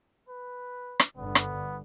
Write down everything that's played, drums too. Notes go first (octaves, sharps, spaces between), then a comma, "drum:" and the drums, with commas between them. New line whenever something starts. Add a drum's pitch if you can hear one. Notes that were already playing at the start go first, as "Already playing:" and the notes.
B4
drum: rim click
G1 G2 D3 B3
drum: rim click